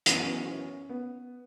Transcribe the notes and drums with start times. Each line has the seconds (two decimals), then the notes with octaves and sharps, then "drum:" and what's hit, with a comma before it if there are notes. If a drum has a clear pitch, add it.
0.06 F#2 E3 B3 E4, drum: hi-hat
0.16 C#4
0.27 B3
0.37 C#4
0.47 C#4
0.89 B3